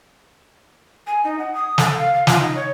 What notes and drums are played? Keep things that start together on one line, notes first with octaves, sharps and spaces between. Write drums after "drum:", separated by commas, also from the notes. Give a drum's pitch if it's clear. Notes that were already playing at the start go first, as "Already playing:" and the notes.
G#5
D#4
F#5
D#6
A4, drum: snare
F5
F5
F4, drum: snare
D#4
C#5